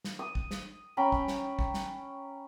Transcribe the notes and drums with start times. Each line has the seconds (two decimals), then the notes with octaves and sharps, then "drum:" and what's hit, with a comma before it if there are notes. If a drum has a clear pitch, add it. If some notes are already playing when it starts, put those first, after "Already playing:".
0.04 drum: snare
0.19 D#6
0.35 drum: kick
0.51 drum: snare
0.97 C#4 G5 A#5 B5
1.12 drum: kick
1.28 drum: snare
1.59 drum: kick
1.74 drum: snare